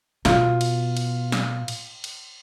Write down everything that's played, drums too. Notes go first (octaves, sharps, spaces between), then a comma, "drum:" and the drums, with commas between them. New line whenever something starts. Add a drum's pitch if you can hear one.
B2 F4, drum: snare
drum: cymbal
drum: cymbal
drum: snare
drum: cymbal
drum: cymbal